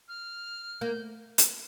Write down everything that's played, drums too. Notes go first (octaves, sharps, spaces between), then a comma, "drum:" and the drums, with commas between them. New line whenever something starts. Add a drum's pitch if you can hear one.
F6
A#3 G6
drum: hi-hat